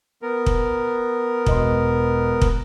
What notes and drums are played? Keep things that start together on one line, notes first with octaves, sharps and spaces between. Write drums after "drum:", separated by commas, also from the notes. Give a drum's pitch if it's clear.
B3 A#4
drum: kick
E1 D#5 C6, drum: kick
drum: kick